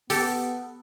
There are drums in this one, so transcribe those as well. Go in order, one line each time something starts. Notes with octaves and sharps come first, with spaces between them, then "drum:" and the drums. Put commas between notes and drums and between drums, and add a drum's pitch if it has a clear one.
B3 G4 A4, drum: open hi-hat